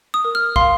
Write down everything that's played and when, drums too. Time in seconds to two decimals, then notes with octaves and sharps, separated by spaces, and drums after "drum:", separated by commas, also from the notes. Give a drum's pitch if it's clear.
0.14 D#6
0.25 A#4
0.35 F6
0.56 F5 C6, drum: kick